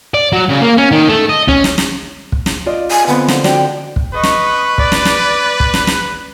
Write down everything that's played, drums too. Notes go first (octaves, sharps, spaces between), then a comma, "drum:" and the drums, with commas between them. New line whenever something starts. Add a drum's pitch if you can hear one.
D5
F#3
C#3
A#3
C#4
D#3
A3
D#5
C#4, drum: kick
drum: snare
drum: snare
drum: kick
drum: snare
F4 D5 D#5
G#5
D3 B3 C4
F3, drum: snare
D4 F#4 D5 G5, drum: snare
drum: kick
B4 D#5 C#6
drum: snare
D5, drum: kick
drum: snare
drum: snare
drum: kick
drum: snare
drum: snare